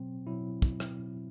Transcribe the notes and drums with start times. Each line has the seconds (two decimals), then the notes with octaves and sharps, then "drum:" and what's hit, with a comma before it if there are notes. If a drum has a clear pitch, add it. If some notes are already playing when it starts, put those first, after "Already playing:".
Already playing: B2 F#3 C4
0.27 B2 F#3 E4
0.62 drum: kick
0.80 drum: rim click